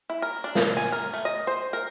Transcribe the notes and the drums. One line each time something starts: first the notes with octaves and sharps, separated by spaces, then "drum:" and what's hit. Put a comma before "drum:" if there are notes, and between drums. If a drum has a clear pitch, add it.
E4
A#4
D4
drum: snare
G#5
A#4
A3
D#5
C5
A#4